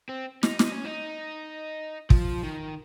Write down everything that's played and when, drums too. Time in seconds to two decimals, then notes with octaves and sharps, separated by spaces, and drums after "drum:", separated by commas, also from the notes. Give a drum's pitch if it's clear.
0.09 C4
0.43 D#4, drum: snare
0.59 D#4, drum: snare
0.72 C#4
0.85 D#4
2.10 F3, drum: kick
2.43 D#3